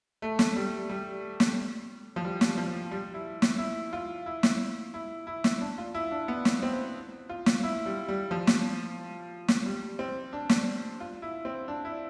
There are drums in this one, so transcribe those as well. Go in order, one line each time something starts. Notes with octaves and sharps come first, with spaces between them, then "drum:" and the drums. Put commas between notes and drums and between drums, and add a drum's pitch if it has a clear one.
A3
drum: snare
G3
G3
drum: snare
F3
G3
drum: snare
F3
G3
E4
drum: snare
E4
F4
E4
drum: snare
E4
E4
drum: snare
D4
F4
E4
D4
B3
drum: snare
C4
F4
drum: snare
E4
G3
G3
F3
drum: snare
drum: snare
G3
C4
D4
drum: snare
F4
E4
C4
D4
E4